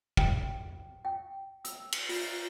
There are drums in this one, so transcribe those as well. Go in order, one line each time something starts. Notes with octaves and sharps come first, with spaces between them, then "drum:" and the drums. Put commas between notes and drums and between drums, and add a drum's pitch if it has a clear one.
G5, drum: kick
G5
E6, drum: hi-hat
drum: cymbal
F4, drum: open hi-hat